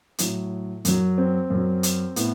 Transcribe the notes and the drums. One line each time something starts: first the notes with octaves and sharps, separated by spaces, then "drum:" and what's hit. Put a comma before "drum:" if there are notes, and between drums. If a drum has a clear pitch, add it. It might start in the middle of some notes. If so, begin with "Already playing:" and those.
A2 F#3, drum: hi-hat
F#2 F#3, drum: hi-hat
C4
F#2 F#3
drum: hi-hat
A2 B3, drum: hi-hat